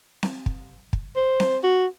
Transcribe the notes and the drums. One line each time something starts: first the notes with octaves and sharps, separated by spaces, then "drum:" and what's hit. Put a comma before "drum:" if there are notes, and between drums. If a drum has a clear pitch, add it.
drum: snare C4
drum: kick
drum: kick
C5
drum: snare C4
F#4